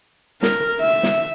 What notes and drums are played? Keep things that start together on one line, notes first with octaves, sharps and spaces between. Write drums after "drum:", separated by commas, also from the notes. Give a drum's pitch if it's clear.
A#4, drum: snare
E5
drum: snare